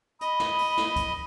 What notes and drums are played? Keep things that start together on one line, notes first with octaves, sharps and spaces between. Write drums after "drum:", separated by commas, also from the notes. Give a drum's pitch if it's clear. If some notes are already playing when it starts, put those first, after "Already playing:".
D#5 B5, drum: hi-hat
drum: snare
drum: open hi-hat
drum: snare
drum: kick, hi-hat